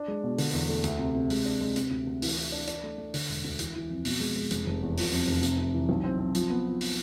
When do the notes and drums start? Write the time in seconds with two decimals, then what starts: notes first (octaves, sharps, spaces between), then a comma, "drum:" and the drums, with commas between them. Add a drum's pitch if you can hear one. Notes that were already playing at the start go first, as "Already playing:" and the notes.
Already playing: D4
0.08 G#3
0.23 B2
0.38 D3, drum: open hi-hat
0.53 E2
0.69 A3
0.84 D2, drum: hi-hat
0.99 C3
1.15 C3
1.30 G#3, drum: open hi-hat
1.45 D4
1.61 G#3
1.76 C3, drum: hi-hat
1.91 D2
2.07 D2
2.22 E3, drum: open hi-hat
2.37 E3
2.52 D4
2.67 D4, drum: hi-hat
2.84 A3
2.98 A3
3.14 D3, drum: open hi-hat
3.29 E1
3.44 D2
3.59 E3, drum: hi-hat
3.75 E3
3.90 F2
4.05 B2, drum: open hi-hat
4.20 G#3
4.36 G#3
4.51 F1, drum: hi-hat
4.66 F1
4.82 E2
4.97 F3, drum: open hi-hat
5.12 F2
5.27 F1
5.43 C3, drum: hi-hat
5.59 C3
5.74 E3
5.89 B1
6.04 C4
6.19 C4
6.35 F3, drum: hi-hat
6.50 B3
6.66 F3
6.81 drum: open hi-hat